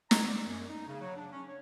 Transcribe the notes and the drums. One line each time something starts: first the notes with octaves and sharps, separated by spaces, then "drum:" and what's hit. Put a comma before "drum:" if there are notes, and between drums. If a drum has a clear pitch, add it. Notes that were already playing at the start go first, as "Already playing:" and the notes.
A#5, drum: snare
D5
F#2
D#4
C#3
F#3
D4
C#4
C#5